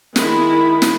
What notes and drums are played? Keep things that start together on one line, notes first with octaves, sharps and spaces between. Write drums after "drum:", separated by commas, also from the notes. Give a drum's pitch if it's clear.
D#3 G#3 E4 B5, drum: snare
drum: snare